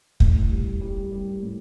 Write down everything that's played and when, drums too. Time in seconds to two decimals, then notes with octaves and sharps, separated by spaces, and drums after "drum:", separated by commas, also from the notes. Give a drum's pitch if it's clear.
0.20 A2, drum: kick
0.50 G3
0.81 G3
1.12 G3
1.42 A2